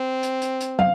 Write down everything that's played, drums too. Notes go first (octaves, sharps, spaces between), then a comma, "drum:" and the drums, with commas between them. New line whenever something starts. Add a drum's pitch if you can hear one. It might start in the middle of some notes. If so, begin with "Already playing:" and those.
Already playing: C4
drum: hi-hat
drum: hi-hat
drum: hi-hat
F5, drum: tom